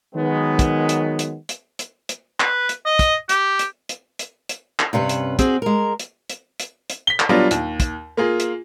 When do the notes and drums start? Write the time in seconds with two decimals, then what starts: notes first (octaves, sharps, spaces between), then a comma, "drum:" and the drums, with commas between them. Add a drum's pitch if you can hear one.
0.15 D#3 F#3 G#3 B3
0.59 drum: kick, hi-hat
0.89 drum: hi-hat
1.19 drum: hi-hat
1.49 drum: hi-hat
1.79 drum: hi-hat
2.09 drum: hi-hat
2.40 B4, drum: clap
2.69 drum: hi-hat
2.86 D#5
2.99 drum: kick, hi-hat
3.29 G4, drum: hi-hat
3.59 drum: hi-hat
3.89 drum: hi-hat
4.19 drum: hi-hat
4.49 drum: hi-hat
4.79 drum: clap
4.93 G2 C3 C#4 B4
5.09 drum: hi-hat
5.39 C4 F#4 G#4, drum: kick, hi-hat
5.62 G#3 A#4
6.00 drum: hi-hat
6.30 drum: hi-hat
6.60 drum: hi-hat
6.90 drum: hi-hat
7.07 B6 G7
7.20 drum: clap
7.29 F#3 G3 B3 D4 F4
7.51 D#2, drum: hi-hat
7.80 drum: kick, hi-hat
8.17 A#3 F4 G#4
8.40 drum: hi-hat